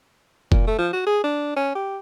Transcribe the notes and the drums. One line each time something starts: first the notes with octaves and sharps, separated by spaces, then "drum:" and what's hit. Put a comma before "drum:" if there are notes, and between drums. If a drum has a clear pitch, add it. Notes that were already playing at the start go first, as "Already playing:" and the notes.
A#2, drum: kick F1
A3
F3
F#4
G#4
D4
C#4
G4